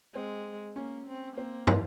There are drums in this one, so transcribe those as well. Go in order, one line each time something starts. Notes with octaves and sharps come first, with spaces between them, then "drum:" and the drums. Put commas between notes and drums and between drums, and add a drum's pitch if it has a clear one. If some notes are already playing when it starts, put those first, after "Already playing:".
G#3 C4
A#3 C#4
C4
A#3 C4
E4, drum: tom